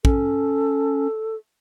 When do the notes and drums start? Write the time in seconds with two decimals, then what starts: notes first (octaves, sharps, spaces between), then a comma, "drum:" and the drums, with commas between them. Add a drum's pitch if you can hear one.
0.05 C#4 A4, drum: kick